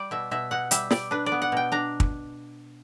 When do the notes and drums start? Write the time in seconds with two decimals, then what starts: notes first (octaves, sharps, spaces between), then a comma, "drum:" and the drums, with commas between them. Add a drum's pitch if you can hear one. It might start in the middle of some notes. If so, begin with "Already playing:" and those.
Already playing: G3 D5
0.11 B2 E5
0.31 B2 E5
0.51 B2 F#5
0.71 G3 E5, drum: hi-hat
0.91 G3 D5, drum: snare
1.11 D4 B4
1.26 D5
1.32 B3
1.42 F#5
1.52 B2 G5
1.72 D4 A#5
2.00 drum: kick